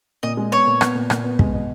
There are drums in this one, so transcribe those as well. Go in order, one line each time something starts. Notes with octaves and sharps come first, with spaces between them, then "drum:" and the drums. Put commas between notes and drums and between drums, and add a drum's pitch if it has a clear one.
A#2 D#5
G#3
B3 C#5
A#2
B3, drum: rim click
A#2
A#2, drum: rim click
B3
G#3, drum: kick
B2